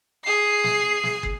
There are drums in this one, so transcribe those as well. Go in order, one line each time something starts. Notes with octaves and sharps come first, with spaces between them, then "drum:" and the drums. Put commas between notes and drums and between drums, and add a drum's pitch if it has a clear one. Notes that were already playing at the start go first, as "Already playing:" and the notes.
G#4 C7
drum: snare
drum: snare
drum: kick